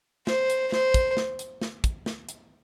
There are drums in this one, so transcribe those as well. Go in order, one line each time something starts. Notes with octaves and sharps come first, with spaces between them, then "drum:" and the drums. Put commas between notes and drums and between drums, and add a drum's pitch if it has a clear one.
C5, drum: snare
drum: hi-hat
C5, drum: snare
drum: kick, hi-hat
drum: snare
drum: hi-hat
drum: snare
drum: kick, hi-hat
drum: snare
drum: hi-hat